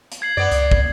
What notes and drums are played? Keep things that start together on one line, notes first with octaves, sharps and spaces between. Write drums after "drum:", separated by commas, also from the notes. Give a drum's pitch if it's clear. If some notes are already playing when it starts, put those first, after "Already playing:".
drum: hi-hat
G#6 C7 F#7
F#2 B3 D5
C#2, drum: hi-hat
drum: kick